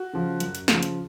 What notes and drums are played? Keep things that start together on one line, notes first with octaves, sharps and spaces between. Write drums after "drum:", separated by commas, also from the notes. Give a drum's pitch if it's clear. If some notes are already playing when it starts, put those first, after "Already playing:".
Already playing: F#4
C#3 F3
F#2, drum: hi-hat
drum: hi-hat
C#3 F3, drum: snare
drum: hi-hat